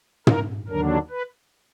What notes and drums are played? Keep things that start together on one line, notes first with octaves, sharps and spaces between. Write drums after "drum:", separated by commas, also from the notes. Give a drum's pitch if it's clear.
A#4, drum: tom
D#2 D3 F#3 D4 A#4
B4